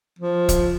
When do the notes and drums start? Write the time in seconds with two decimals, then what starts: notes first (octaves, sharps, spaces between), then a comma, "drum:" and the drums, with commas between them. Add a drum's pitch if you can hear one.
0.19 F3
0.49 drum: kick, hi-hat